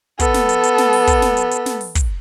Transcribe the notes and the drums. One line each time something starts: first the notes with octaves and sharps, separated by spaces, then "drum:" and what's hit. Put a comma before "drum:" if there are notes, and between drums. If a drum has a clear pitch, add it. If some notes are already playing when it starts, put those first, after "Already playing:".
B3 A4, drum: kick, hi-hat
drum: snare
drum: hi-hat
drum: hi-hat
drum: snare
drum: open hi-hat
drum: kick, hi-hat
drum: snare
drum: hi-hat
drum: hi-hat
drum: snare
drum: open hi-hat
drum: kick, hi-hat